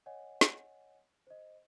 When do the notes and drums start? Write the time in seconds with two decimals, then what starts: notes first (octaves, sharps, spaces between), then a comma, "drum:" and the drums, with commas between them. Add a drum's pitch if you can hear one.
0.06 C#5 D#5 F#5 G#5
0.41 drum: snare
1.27 C5 D#5